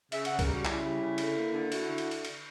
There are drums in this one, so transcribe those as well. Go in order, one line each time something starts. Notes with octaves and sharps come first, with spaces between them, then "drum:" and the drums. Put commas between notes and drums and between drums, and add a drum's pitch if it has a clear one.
C#3 E5, drum: cymbal
C#3 F#5, drum: cymbal
A#4, drum: kick C2, cymbal
G3 F#4
C#3 E4, drum: clap
G3
C#3
D3, drum: cymbal
A#3
D3
E4 F#4, drum: cymbal
D3
drum: cymbal
drum: cymbal
drum: cymbal